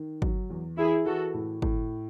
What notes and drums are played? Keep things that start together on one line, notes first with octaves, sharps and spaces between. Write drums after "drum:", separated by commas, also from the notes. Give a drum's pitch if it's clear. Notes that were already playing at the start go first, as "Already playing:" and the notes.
Already playing: D#3
F#3, drum: kick
E2
E3 E4 G#4
E3 F#4 A4
A2
A2, drum: kick